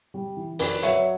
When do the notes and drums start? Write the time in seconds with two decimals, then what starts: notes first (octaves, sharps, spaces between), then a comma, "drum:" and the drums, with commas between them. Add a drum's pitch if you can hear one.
0.14 G3
0.37 E3
0.59 F#2 B4 D5, drum: open hi-hat
0.83 F#3 C#5 E5, drum: hi-hat